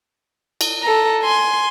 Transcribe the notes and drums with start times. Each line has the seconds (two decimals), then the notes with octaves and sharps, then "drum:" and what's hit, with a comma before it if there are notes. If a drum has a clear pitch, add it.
0.61 drum: cymbal
0.83 A4 A#5
1.23 G#5 C6